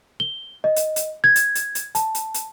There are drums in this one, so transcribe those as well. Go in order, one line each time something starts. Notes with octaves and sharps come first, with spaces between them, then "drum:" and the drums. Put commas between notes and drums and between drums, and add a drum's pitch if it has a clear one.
G7
D#5
drum: hi-hat
drum: hi-hat
G#6
drum: hi-hat
drum: hi-hat
drum: hi-hat
A5, drum: hi-hat
drum: hi-hat
drum: hi-hat